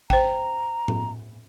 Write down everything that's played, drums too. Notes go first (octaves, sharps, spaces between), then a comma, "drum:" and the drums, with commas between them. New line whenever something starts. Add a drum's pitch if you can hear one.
C5 G5 A#5, drum: kick G#1
drum: tom A2